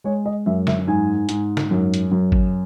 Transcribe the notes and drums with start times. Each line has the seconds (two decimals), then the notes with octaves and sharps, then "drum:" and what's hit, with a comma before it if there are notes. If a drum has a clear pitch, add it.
0.04 G#3 C#5
0.26 D#5
0.46 F#2 E5
0.67 E5, drum: snare
0.87 G#2 G#5
1.29 G#2, drum: hi-hat
1.57 drum: snare
1.71 F#2
1.94 drum: hi-hat
2.11 F#2
2.32 drum: kick G#1